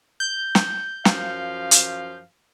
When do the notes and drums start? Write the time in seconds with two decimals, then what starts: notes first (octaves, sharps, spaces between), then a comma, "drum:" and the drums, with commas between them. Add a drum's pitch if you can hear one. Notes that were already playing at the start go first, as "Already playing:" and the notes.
0.20 G6
0.55 drum: snare
1.05 F#2 F3 F5, drum: snare
1.71 drum: hi-hat